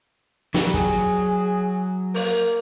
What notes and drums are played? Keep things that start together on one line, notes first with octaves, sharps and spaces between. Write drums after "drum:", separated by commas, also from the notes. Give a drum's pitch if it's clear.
F#3 G3, drum: snare
G#4, drum: kick
A#3, drum: open hi-hat